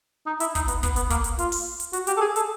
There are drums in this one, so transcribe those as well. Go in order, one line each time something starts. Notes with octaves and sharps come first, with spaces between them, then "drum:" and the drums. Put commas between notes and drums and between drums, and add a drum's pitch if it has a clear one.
D#4
E4, drum: hi-hat
D#4, drum: kick, hi-hat
B3, drum: hi-hat
B3, drum: kick, hi-hat
B3, drum: hi-hat
A#3, drum: kick, hi-hat
drum: hi-hat
F4, drum: hi-hat
drum: open hi-hat
drum: hi-hat
F#4, drum: hi-hat
G4, drum: hi-hat
A4
G#4
A4, drum: hi-hat